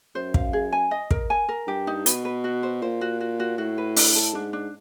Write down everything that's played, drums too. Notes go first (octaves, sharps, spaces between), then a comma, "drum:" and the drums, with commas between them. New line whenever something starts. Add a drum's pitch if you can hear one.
F#2 C5
F5, drum: kick
G#4
G#5
D#5
A#4, drum: kick
G#5
A#4
G2 G4
D#4
B2 B4, drum: hi-hat
B4
F#4
C5
A#2 C5
F#4
F#4
F#4
A2 F#4
B4
D4, drum: open hi-hat
A4
G#2 D4
D4